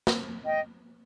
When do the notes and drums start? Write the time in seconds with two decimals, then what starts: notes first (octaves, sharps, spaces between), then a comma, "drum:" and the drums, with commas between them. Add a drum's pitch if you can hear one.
0.07 drum: snare
0.44 D#5 G5